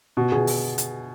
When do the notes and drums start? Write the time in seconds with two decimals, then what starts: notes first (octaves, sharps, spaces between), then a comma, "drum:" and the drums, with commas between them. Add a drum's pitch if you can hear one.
0.17 B2 F#4
0.32 B2 G#4
0.47 drum: open hi-hat
0.78 drum: hi-hat